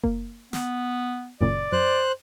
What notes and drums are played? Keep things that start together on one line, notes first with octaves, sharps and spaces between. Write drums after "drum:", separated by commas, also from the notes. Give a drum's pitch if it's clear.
A#3, drum: kick F#1
B3, drum: snare
F#2 A#2 C#3 D5, drum: kick F#1
F#2 C5 F#6